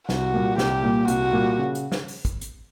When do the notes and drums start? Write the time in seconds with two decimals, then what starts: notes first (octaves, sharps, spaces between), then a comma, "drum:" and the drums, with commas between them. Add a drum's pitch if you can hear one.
0.09 C2 F#4, drum: snare
0.34 A#2 G3 A#3
0.58 C2 G4, drum: snare
0.83 A#2 G3 A#3
1.08 C2 F#4, drum: hi-hat
1.33 A#2 G3 A#3
1.59 C#3
1.75 drum: hi-hat
1.92 drum: snare
2.08 drum: open hi-hat
2.25 drum: kick, hi-hat
2.41 drum: hi-hat